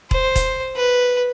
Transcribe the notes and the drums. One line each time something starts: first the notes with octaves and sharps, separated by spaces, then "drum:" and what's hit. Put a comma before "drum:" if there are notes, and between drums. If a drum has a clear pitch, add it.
C5, drum: kick E1
drum: kick E1, hi-hat
B4